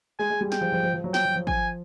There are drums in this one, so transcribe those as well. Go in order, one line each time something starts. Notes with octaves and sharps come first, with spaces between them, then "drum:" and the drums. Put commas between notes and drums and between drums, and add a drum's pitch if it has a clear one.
G#3 G#5
G#3
G3
G5, drum: snare
F3
F3
F3
F3
F#3
G5, drum: snare
F#3
F3
G#5, drum: kick